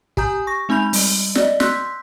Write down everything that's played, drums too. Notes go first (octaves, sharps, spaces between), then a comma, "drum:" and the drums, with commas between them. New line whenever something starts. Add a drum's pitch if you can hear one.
G4 G#5 A#5 D#6 G6, drum: kick
C#6 A#6
G#3 C4 D#4 B5 G6 F7
G3, drum: open hi-hat
D5 D#5, drum: snare
C6 E6 F#6 G6 B6, drum: snare